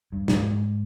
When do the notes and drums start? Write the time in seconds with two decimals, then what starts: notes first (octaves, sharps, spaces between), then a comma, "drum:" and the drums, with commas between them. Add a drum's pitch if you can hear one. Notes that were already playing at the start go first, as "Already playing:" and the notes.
0.12 G2
0.28 A#2, drum: snare
0.34 G#2